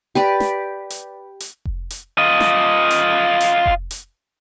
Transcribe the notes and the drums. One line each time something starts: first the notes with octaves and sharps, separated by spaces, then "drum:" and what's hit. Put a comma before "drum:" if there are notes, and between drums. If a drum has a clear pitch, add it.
G4 B4 D5
drum: snare
drum: hi-hat
drum: hi-hat
drum: kick F1
drum: hi-hat
F4 D#5
drum: snare
drum: hi-hat
drum: hi-hat
drum: kick F1
drum: hi-hat